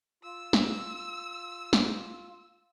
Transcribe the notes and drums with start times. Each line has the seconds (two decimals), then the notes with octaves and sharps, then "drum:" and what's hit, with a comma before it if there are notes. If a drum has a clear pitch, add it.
0.23 F4 E6
0.53 drum: snare
1.73 drum: snare